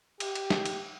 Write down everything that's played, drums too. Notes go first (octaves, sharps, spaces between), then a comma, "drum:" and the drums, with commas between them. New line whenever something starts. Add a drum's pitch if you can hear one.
G4, drum: cymbal
drum: cymbal
drum: snare
drum: cymbal